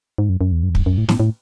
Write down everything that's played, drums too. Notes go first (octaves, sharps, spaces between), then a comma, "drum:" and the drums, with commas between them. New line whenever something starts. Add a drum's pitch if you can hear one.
G#2
F#2
F#2
E2
F#2
E2
F#2, drum: kick
F#2
A2
A2, drum: snare
A2